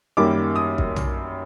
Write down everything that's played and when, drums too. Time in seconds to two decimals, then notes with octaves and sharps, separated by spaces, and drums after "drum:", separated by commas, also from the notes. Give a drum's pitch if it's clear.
0.17 F#2 D#3 G3 A#3 D6
0.56 D#6
0.78 drum: kick
0.96 drum: tom